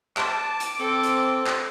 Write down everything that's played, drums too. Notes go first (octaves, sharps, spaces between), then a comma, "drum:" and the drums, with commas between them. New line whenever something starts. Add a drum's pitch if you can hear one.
A5 D6, drum: clap
drum: hi-hat
C4 A4 C5
drum: hi-hat
drum: clap